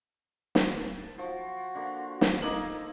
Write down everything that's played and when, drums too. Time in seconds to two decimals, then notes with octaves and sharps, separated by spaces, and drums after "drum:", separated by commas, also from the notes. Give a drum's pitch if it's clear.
0.55 drum: snare
0.80 A5
1.18 F3 F#4
1.75 D3 A#3
2.21 drum: snare
2.42 A#3 D#4 A4 D#5 D6 F#7